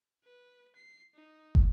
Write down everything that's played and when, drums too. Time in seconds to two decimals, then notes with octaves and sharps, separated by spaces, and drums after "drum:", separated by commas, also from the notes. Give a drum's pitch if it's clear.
0.24 B4
0.76 C7
1.15 D#4
1.55 drum: kick